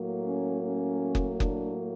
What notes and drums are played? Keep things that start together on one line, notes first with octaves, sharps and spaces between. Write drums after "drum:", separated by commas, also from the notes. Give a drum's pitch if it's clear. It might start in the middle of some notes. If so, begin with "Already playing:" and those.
Already playing: A2 F#3 A#3
C#4
C#4
drum: kick F#1
D4, drum: kick F#1